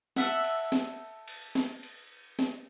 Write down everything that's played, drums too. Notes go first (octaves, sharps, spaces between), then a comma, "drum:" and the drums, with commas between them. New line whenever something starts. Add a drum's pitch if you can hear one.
A4 E5 F#5, drum: snare
drum: cymbal
drum: snare
drum: cymbal
drum: snare
drum: cymbal
drum: snare